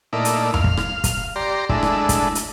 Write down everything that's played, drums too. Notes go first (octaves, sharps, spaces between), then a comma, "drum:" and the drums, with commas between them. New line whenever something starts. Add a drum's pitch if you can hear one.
A#2 A3 D#4 E4 D5
drum: hi-hat
F5, drum: tom F2
drum: kick
drum: rim click
drum: kick, hi-hat
G4 D5 A#5 C6
G#3 A3 D4 E4, drum: kick
drum: rim click
drum: kick, hi-hat
drum: hi-hat